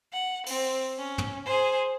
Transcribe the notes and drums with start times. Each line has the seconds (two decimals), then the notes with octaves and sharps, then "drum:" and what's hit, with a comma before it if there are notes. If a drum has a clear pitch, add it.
0.13 F#5
0.46 C4, drum: open hi-hat
0.98 C#4
1.18 drum: tom
1.46 G#4 C5